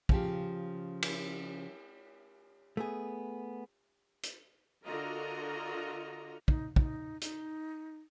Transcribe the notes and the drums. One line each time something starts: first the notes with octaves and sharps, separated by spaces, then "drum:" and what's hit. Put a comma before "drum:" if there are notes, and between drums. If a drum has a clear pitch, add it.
C#3 F3 G4, drum: kick
drum: cymbal
A3 B3 G#4
drum: hi-hat
D3 F4 F#4 A#4 D#5 A#5
D#4, drum: kick
D#4, drum: kick
D#4, drum: hi-hat